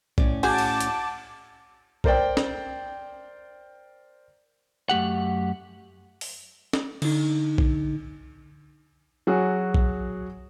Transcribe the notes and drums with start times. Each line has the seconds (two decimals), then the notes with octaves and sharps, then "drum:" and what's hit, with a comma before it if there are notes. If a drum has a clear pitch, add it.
0.18 A2 C#4 D5, drum: kick
0.43 F#4 G#4 F#5 A5 D6 G6 G#6, drum: cymbal
0.58 drum: cymbal
0.80 drum: hi-hat
2.04 A#4 C5 D5 G5, drum: kick
2.37 drum: snare
4.89 F#2 A3 G4 F#5
6.21 drum: open hi-hat
6.73 drum: snare
7.02 D3 D#4, drum: cymbal
7.58 drum: kick
9.27 F#3 F#4 G#4
9.74 drum: kick